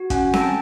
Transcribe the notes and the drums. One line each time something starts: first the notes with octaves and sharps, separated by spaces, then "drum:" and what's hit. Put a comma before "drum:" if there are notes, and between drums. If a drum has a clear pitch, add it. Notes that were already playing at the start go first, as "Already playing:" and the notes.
Already playing: F#4
C#4 F#5 G#5, drum: kick, hi-hat
A4, drum: snare C4
G5 A5